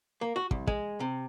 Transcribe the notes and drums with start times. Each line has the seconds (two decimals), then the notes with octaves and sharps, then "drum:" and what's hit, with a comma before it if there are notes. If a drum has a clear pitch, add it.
0.21 A#3
0.36 F#4
0.51 C2, drum: kick
0.67 G#3, drum: kick
1.00 C3